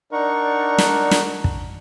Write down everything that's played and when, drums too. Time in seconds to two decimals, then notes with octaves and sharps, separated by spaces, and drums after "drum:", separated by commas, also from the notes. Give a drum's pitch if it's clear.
0.13 D4 D#4 A#4 D5 F#5 C#6
0.78 drum: snare
1.11 drum: snare
1.44 drum: kick